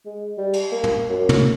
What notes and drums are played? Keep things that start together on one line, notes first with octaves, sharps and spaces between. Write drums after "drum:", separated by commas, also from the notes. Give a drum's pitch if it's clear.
G#3
G3
drum: cymbal
A#3
drum: tom
F#2
drum: tom